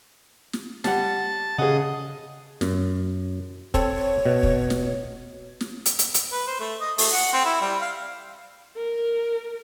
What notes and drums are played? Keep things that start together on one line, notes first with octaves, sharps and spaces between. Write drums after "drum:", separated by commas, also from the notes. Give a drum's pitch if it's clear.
drum: snare
G3 F#5 A5, drum: snare
C#3 G#4 D#5 F#5
F#2, drum: snare
C4 A4 C#5, drum: kick
B2
drum: kick
drum: snare
drum: snare
drum: hi-hat
drum: hi-hat
drum: hi-hat
B4
C5
A3
D#5
A3, drum: open hi-hat
F#5
C4
E4
G3
F5
A#4